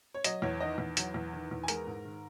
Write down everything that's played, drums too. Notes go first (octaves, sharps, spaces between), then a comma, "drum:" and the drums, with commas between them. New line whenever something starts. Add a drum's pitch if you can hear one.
C#5
F#3 D#5, drum: hi-hat
E2 C#5
D#3 D#5
E2
F#3, drum: hi-hat
E2
D#3
E2
G#5
G#3 A#4 A#5, drum: hi-hat
G#2
D#3